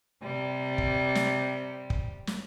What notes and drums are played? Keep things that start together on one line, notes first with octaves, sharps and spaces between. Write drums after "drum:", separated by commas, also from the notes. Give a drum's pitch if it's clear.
C3 G3
drum: kick
drum: snare
drum: kick
drum: snare